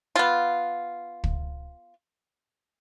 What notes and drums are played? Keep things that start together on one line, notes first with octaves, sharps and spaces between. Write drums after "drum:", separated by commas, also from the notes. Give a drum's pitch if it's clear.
B3 F4
drum: kick